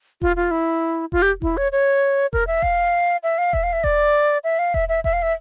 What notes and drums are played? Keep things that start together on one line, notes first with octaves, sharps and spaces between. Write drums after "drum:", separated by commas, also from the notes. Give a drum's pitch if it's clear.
F4, drum: kick E1
F4
E4
F4, drum: kick E1
G4
E4, drum: kick E1
C#5
C#5
A#4, drum: kick E1
E5
F5, drum: kick E1
E5
F5
E5, drum: kick E1
F5
E5
D5, drum: kick E1
E5
F5
E5, drum: kick E1
E5
E5, drum: kick E1
F5
E5